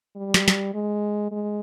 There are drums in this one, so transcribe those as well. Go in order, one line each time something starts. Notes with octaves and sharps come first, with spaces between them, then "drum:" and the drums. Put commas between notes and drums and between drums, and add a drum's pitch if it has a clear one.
G3
drum: snare
drum: snare
G#3
G#3